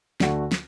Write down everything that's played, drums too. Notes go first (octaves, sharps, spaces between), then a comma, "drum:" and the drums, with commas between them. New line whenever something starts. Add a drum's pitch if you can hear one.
D2 D3 A3 F#4, drum: snare
drum: snare